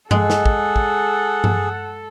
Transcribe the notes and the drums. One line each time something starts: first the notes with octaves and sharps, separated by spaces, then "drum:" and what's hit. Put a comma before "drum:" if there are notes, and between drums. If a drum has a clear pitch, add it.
G#3 G#4 A4 F#5, drum: tom G2
drum: snare
drum: kick
drum: kick
drum: tom G2